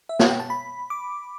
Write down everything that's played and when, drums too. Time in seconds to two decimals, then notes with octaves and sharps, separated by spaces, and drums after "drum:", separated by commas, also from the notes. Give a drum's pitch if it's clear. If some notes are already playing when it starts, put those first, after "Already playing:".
0.09 E5
0.19 F#5, drum: snare
0.30 G5
0.40 A5
0.50 B5
0.90 D6